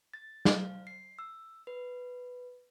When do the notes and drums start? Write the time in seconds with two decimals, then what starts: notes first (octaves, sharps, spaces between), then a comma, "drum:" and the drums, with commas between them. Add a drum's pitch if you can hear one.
0.14 A6
0.45 F5, drum: snare
0.87 C7
1.19 E6
1.67 B4